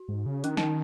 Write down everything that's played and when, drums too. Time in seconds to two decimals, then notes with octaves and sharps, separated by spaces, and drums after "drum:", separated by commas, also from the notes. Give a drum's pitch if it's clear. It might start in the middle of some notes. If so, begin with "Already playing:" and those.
Already playing: F#4
0.08 G#2
0.26 C#3
0.44 D#3 C#4, drum: hi-hat
0.57 D#4, drum: snare